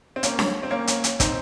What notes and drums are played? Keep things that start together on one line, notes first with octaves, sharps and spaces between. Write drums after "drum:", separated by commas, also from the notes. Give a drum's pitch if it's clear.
C4
A#3 C#4, drum: hi-hat
drum: snare D4
C4
A#3 C#4
drum: hi-hat
drum: hi-hat
C4 D#4, drum: kick, hi-hat